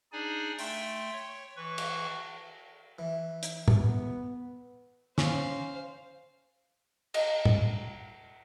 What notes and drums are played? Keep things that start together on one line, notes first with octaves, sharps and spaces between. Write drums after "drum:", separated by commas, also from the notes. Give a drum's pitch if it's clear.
D4 D#4 G#4 D5 G#5
A3 G5 C6, drum: open hi-hat
C#5
E3 B4 C#6
drum: cymbal
E3
drum: hi-hat
B3, drum: tom
C#4 C5 F5, drum: snare
D#5 G5 A#5, drum: cymbal
drum: tom